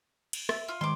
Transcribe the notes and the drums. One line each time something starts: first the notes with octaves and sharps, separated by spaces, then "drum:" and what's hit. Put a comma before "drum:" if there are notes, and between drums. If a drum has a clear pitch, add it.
drum: cymbal
E5, drum: rim click
F4
D#3 G#3 C6 D6